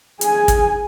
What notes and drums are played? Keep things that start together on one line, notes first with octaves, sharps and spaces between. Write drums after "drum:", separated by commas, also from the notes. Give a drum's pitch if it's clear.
G#4 G#5, drum: hi-hat
drum: kick, hi-hat